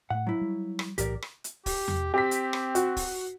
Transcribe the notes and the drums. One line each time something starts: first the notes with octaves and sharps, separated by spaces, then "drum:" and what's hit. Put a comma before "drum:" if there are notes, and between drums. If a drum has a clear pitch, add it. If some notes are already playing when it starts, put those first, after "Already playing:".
A2 A3 F#5
F#3 E4
G3
drum: rim click
B1 A2 E3 G4 A#4 D5, drum: hi-hat
drum: rim click
drum: hi-hat
G4, drum: kick, open hi-hat
drum: tom E2
C4 G4 B6
drum: hi-hat
drum: rim click
F#4, drum: hi-hat
drum: kick, open hi-hat